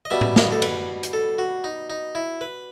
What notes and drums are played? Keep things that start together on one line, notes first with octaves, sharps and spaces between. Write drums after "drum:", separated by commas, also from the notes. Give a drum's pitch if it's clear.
D#5
B2 G3 B3 E5
drum: tom A2
D#5, drum: snare
A4
B4, drum: cymbal
drum: hi-hat
A4
F#4
D#4
D#4
E4
B4